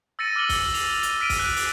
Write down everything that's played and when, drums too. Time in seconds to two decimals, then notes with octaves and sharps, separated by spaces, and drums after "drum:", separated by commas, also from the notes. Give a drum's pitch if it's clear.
0.19 E6 A6 A#6 C#7 D#7
0.36 D6 F6 D#7 F#7 G7
0.49 drum: kick B1, open hi-hat
0.74 F7, drum: open hi-hat
1.03 D#7, drum: hi-hat
1.20 F6 B6 D7 D#7
1.30 drum: kick B1, open hi-hat
1.39 F#6
1.56 drum: open hi-hat